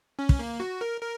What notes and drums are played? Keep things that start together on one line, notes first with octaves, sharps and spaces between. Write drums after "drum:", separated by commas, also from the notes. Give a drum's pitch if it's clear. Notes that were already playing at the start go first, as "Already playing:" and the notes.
C#4
drum: kick
A#3
F#4
A#4
A#4